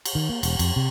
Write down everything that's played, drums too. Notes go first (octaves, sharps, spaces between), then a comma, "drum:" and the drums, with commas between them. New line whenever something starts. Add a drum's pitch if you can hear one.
drum: cymbal
D#3
A#3
E1, drum: cymbal
F2, drum: cymbal
C3